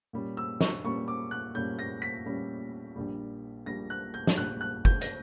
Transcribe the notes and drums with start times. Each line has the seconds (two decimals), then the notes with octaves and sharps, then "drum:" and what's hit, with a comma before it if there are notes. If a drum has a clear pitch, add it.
0.13 A#2 G3 C#4
0.37 E6
0.61 C#6, drum: snare
0.84 A#2 G3 C#4 C#6
1.08 D6
1.31 F#6
1.54 A#2 G3 C#4 G6
1.79 A#6
2.02 B6
2.26 A#2 G3 C#4
2.96 A#1 A#2 G3
3.66 A#1 A#2 G3 A#6
3.90 F#6
4.14 G6
4.27 drum: snare
4.37 A#1 A#2 G3 F#6
4.61 F#6
4.85 G6, drum: kick
5.01 A#6, drum: hi-hat